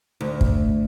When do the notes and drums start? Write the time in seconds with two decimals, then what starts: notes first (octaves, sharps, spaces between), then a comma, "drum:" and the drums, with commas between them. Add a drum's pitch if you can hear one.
0.21 D2
0.41 drum: kick